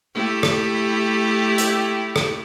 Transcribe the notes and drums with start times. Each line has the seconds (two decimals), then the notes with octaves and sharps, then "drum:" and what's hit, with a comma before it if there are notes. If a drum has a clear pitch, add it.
0.14 A3 E4 G4
0.43 drum: rim click
1.58 drum: hi-hat
2.16 drum: rim click